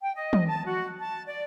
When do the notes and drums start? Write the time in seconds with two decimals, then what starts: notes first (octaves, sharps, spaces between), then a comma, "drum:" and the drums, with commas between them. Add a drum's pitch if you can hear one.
0.01 G5
0.16 D#5
0.33 drum: tom
0.46 A5
0.66 F#4
0.99 A5
1.27 D5